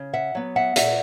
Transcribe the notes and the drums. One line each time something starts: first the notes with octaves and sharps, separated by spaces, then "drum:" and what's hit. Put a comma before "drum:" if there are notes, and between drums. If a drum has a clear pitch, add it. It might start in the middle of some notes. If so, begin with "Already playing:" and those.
Already playing: C#3
E5 F#5
F#3 B3
E5 F#5
A#2 E5 F#5, drum: hi-hat